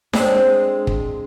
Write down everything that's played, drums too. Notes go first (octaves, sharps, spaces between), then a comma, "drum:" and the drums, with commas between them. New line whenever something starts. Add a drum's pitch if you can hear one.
G#3 C4 D4, drum: snare D4
drum: kick